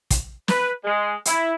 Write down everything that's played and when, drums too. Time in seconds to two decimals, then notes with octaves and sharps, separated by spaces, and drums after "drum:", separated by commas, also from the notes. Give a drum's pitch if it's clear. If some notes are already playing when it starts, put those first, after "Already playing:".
0.11 drum: kick, hi-hat
0.48 B4, drum: snare
0.84 G#3
1.25 E4, drum: hi-hat